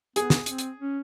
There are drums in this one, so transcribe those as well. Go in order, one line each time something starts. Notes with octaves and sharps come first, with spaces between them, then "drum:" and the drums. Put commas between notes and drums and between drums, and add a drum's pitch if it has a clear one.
B3 G#4, drum: hi-hat
drum: snare
C4, drum: hi-hat
drum: hi-hat
C#4